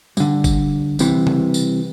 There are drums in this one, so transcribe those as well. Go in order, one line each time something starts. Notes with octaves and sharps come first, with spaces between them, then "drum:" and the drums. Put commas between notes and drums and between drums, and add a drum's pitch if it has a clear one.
G2 D3, drum: tambourine
drum: kick G1, tambourine
C2 C3 E3, drum: tambourine
drum: tom C#3
drum: tambourine